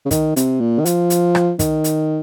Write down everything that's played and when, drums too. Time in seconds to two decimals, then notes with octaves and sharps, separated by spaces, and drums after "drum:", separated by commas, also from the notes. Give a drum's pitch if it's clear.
0.06 C#3
0.11 D#3, drum: kick, hi-hat
0.36 C3, drum: hi-hat
0.61 A#2
0.79 D#3
0.85 F3, drum: hi-hat
1.10 drum: hi-hat
1.35 drum: rim click
1.59 D#3, drum: kick, hi-hat
1.84 drum: hi-hat